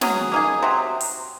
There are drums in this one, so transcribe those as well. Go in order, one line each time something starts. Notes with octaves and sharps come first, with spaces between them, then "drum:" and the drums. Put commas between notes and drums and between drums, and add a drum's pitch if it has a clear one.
F#3 C#4 G#4, drum: snare
A#3 D#4 G#4
C3 F#3
drum: open hi-hat